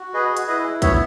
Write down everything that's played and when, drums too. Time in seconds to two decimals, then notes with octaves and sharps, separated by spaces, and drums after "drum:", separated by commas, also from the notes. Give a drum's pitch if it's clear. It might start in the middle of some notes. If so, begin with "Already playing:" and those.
Already playing: F#4
0.14 G#4 B4 D#5
0.37 drum: hi-hat
0.48 E4 B4 D#5
0.82 B3 C#5 E5, drum: kick A#1, hi-hat